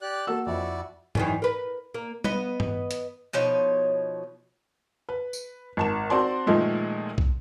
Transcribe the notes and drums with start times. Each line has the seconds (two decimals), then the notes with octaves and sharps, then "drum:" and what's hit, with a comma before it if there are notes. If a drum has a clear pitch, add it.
0.02 G4 D5 F#6
0.27 A#3 F#4 A4 E6
0.46 F2 E4 F#4 D5
1.15 F#2 D#3 E3, drum: tom G#2
1.42 A#4 B4
1.94 A#3
2.24 B3 B4 D#5, drum: tom G3
2.60 drum: tom G2
2.91 drum: hi-hat
3.33 B2 F3 D#4 C#5
5.09 B4
5.33 drum: tambourine
5.77 G#1 A5 E7
6.10 C4 F#4 D5 A5 C6
6.47 A#2 D#3 F3 G#3 A3
7.18 drum: kick